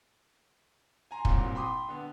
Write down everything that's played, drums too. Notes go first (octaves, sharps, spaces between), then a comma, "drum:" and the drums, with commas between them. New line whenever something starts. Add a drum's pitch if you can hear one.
G#5 A#5 C6
C2 A#2 F#3 C4, drum: kick
G5 B5 C6 D6 D#6
D3 B3